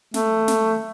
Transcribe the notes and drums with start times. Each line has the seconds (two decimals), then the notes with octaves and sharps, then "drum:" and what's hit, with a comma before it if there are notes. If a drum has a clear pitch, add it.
0.14 A3, drum: snare
0.48 drum: snare